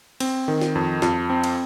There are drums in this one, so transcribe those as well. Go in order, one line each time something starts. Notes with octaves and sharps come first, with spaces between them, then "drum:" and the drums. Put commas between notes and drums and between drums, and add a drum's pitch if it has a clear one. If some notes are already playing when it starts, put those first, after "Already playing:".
C4, drum: cymbal
D#3
drum: snare
F2
F2, drum: snare
C4
drum: cymbal